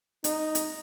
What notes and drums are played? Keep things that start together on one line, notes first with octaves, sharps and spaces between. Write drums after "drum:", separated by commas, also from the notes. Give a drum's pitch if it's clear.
D#4, drum: hi-hat
drum: hi-hat